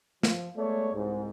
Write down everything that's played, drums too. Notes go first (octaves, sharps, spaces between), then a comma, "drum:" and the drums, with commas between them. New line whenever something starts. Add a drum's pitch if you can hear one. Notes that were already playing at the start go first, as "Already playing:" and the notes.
F3, drum: snare
G#3 A3 B3 C#5 D5
C2 G#2